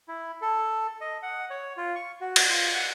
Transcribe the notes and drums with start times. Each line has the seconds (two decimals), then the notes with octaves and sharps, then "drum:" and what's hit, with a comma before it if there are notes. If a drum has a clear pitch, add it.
0.08 E4
0.42 A4
1.01 D#5
1.22 F#5
1.50 C#5
1.77 F4
1.95 C#6
2.21 F#4
2.36 drum: cymbal
2.49 F4
2.74 F#5